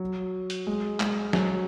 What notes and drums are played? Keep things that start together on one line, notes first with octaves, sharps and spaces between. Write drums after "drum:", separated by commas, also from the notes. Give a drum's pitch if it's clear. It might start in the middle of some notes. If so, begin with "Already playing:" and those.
Already playing: F#3
drum: hi-hat
G#3
G#3, drum: clap
F#3, drum: snare